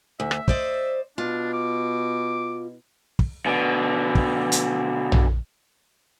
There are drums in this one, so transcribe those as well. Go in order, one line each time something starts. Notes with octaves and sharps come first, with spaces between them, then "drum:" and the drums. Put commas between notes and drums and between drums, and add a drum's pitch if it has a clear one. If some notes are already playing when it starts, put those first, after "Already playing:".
D2 E5
drum: rim click
C5 D5 D#5, drum: kick
B2 D4 F4
D6
drum: kick
B2 D3
drum: kick
drum: hi-hat
drum: tom A#1